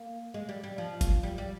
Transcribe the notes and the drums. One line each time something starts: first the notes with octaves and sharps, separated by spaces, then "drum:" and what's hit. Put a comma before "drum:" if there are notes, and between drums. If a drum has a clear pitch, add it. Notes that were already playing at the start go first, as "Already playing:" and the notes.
Already playing: A#3
G#3
G3
G3
F3
drum: kick, hi-hat
G3
G3